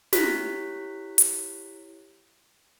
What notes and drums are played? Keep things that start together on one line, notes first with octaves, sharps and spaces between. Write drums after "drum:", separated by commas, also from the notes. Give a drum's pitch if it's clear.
E4 G4 C#5 F#6 B6, drum: snare
drum: hi-hat